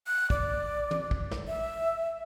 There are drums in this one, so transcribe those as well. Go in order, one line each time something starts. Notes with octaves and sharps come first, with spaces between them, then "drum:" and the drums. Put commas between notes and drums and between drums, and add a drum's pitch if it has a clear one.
F#6
D5, drum: kick
drum: tom
drum: kick
drum: snare
E5